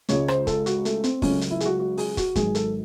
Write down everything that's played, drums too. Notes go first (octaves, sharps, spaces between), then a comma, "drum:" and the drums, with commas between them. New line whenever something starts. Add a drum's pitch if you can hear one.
C#2 C#3 G#3 C#5, drum: hi-hat
C5, drum: rim click
A4, drum: kick, hi-hat
F#4, drum: hi-hat
A3, drum: hi-hat
C4, drum: hi-hat
C#2 C#3 F#3 A3 C#4, drum: kick, open hi-hat
drum: hi-hat
E4
G#4, drum: hi-hat
F#4
F#4
G#4, drum: open hi-hat
F#4, drum: kick, hi-hat
G#1 G#2 F#3 G#4, drum: kick, hi-hat
A4, drum: hi-hat